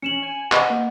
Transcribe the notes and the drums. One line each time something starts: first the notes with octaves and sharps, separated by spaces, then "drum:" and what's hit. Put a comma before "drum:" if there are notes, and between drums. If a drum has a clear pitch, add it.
C#4 C#7 E7 F#7
G#5
B4 D#5 F#5, drum: clap
A#3